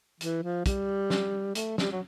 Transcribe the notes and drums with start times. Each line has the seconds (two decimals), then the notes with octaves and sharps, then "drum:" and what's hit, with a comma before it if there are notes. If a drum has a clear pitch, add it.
0.21 E3, drum: hi-hat
0.43 F3
0.66 G3, drum: kick, hi-hat
1.10 drum: snare
1.55 A3, drum: hi-hat
1.78 G3, drum: snare
1.92 F#3